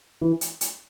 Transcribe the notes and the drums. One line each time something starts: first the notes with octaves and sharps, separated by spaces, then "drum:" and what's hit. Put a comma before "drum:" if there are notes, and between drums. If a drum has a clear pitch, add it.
E3
drum: hi-hat
drum: hi-hat